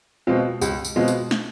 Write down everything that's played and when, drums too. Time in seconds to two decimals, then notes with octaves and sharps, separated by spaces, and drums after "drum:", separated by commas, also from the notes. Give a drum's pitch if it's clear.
0.27 B2 G#3 C4 F4
0.61 C#2, drum: tambourine
0.85 drum: tambourine
0.96 B2 G#3 C4 F4
1.08 drum: tambourine
1.31 drum: snare